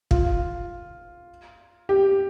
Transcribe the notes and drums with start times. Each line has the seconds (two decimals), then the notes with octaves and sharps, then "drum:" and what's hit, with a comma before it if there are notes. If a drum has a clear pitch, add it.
0.11 F4, drum: kick
1.89 G4